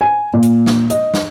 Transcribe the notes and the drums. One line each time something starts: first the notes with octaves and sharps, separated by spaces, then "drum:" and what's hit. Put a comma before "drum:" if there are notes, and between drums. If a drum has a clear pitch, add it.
G#5
A#2
drum: hi-hat
drum: snare
D#5, drum: hi-hat
drum: snare